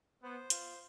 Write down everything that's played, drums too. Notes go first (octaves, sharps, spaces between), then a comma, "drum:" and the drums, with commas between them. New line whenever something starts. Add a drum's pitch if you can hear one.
B3 C5
F4, drum: hi-hat